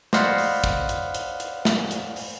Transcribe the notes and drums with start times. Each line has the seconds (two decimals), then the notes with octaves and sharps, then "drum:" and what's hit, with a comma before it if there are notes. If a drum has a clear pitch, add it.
0.13 C5 D5 D#5 F5 F#5 B5, drum: snare
0.38 drum: open hi-hat
0.64 drum: kick, hi-hat
0.89 drum: hi-hat
1.14 drum: hi-hat
1.40 drum: hi-hat
1.65 drum: snare
1.91 drum: hi-hat
2.16 drum: open hi-hat